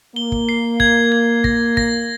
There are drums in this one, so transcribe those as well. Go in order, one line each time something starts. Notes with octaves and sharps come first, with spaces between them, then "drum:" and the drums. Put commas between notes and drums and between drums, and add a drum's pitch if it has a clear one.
A#3 G7
drum: kick
C7
G#6, drum: kick
G#6
A#6, drum: kick
A#6, drum: kick